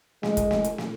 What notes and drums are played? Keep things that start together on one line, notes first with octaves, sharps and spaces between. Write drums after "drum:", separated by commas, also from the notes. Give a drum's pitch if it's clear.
G#3, drum: snare
drum: kick, hi-hat
drum: snare
drum: hi-hat
drum: snare